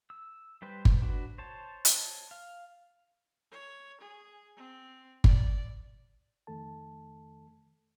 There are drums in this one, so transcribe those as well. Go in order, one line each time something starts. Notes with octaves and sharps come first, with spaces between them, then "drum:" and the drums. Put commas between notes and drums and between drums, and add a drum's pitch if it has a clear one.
E6
G3 G4 B4 C5
drum: kick G1
D4 F#4 B4
C5 C#5 A5
drum: hi-hat
F5
C#5
G#4
C4
D5, drum: kick G1
F2 D#3 A3 A4 A5